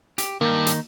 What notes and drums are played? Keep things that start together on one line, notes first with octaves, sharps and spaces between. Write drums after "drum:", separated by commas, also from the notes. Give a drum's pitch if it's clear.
G4, drum: hi-hat
G2 D#3 A#3 D#4
drum: hi-hat